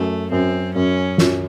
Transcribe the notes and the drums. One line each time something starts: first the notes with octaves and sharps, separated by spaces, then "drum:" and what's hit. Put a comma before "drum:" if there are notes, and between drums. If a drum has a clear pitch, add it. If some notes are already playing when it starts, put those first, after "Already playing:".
Already playing: F#2 A3
F#2 C4
F#2 C#4
F#2, drum: snare